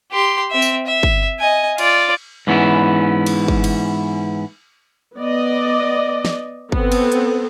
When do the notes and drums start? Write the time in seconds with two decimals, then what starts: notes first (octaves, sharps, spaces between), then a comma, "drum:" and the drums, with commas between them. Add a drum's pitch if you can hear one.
0.12 G4 C6
0.51 C4 E5
0.62 drum: tambourine
0.87 E5
1.03 drum: kick G1
1.39 D#5 G#5
1.78 F4 D5, drum: cymbal
2.47 G#2 E3 B3 C#4 E4
3.26 drum: cymbal
3.48 drum: kick G1
3.64 drum: cymbal
5.16 B3 D5 D#5
6.25 drum: snare
6.72 B3 C4 A4, drum: kick G1
6.92 drum: cymbal
7.12 drum: hi-hat